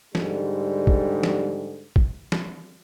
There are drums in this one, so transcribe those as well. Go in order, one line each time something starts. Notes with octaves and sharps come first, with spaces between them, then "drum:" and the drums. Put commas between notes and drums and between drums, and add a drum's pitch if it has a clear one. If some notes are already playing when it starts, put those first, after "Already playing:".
G#2 D3 G3, drum: snare
drum: kick
drum: snare
drum: kick
drum: snare